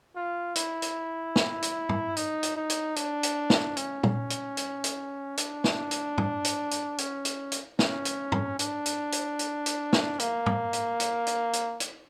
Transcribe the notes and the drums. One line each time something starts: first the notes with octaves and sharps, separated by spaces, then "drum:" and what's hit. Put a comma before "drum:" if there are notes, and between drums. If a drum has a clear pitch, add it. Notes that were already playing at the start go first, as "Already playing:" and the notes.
F4
E4, drum: hi-hat
drum: hi-hat
drum: snare
drum: hi-hat
drum: tom
D#4, drum: hi-hat
drum: hi-hat
D#4
drum: hi-hat
D4, drum: hi-hat
drum: hi-hat
drum: snare
C#4, drum: hi-hat
drum: tom
drum: hi-hat
drum: hi-hat
drum: hi-hat
D4, drum: hi-hat
drum: snare
drum: hi-hat
drum: tom
drum: hi-hat
drum: hi-hat
C#4, drum: hi-hat
drum: hi-hat
drum: hi-hat
C#4, drum: snare
drum: hi-hat
drum: tom
D4, drum: hi-hat
drum: hi-hat
drum: hi-hat
drum: hi-hat
drum: hi-hat
drum: snare
A#3, drum: hi-hat
drum: tom
drum: hi-hat
drum: hi-hat
drum: hi-hat
drum: hi-hat
drum: hi-hat